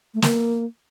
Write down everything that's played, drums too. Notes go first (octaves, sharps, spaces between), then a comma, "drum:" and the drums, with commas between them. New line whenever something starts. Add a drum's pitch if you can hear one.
A3
A#3, drum: snare